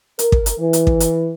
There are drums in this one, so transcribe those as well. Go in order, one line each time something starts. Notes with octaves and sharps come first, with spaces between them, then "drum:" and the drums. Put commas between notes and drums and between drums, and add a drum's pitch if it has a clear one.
A#4, drum: hi-hat
drum: kick
drum: hi-hat
E3
drum: hi-hat
drum: kick
drum: hi-hat